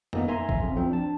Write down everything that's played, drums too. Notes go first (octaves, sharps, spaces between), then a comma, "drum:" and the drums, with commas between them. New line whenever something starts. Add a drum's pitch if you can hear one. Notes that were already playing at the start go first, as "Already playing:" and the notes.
A#3 B3 D#4, drum: tom F2
E5 G#5 A#5 C6
drum: kick
F2
F3 C4
D4 A5